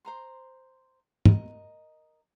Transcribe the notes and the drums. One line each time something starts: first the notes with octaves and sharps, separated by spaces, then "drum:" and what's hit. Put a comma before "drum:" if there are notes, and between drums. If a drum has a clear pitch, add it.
C5 A#5 C6
A#4 D#5, drum: tom